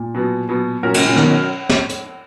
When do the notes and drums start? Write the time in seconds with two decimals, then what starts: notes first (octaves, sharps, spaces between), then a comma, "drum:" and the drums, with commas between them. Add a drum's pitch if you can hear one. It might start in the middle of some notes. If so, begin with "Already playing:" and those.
Already playing: A#2
0.15 B2 F#3 B3
0.49 B2 F#3 B3
0.83 A#2 F#3 C#4 F#4 A#4
0.94 A#2 C#3, drum: cymbal
1.05 A#2 C#3
1.16 B2 D#3 F#3 C#4 F#4 A#4, drum: rim click
1.69 drum: snare
1.89 drum: hi-hat